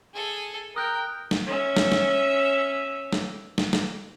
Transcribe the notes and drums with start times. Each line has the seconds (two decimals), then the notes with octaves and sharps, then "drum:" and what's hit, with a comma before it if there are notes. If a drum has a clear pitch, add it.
0.14 G#4 A4
0.76 A#4 G5 D#6 F#6 G6
1.31 drum: snare
1.46 C#4 E5
1.77 drum: snare
1.92 drum: snare
3.13 drum: snare
3.58 drum: snare
3.73 drum: snare